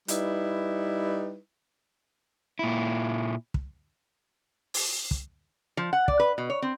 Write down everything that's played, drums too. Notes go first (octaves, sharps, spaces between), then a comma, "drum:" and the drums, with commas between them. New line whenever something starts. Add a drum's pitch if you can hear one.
G3 D#4 E4 B4, drum: hi-hat
A#2 E4
drum: kick
drum: open hi-hat
drum: kick
F3
F#5
D5, drum: kick
B4
B2
C#5
C4